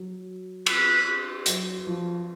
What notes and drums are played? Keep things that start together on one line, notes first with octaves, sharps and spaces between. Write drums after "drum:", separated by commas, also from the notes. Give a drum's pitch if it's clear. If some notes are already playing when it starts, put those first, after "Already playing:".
Already playing: F#3
B4, drum: cymbal
F#3, drum: hi-hat
F3